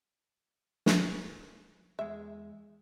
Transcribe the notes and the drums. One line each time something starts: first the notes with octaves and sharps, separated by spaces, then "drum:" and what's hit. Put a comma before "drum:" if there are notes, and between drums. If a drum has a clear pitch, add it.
drum: snare
E2 G#3 E5